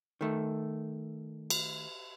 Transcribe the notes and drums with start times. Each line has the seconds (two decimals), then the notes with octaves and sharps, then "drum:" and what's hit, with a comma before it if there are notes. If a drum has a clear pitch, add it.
0.21 D#3 A3
1.50 drum: cymbal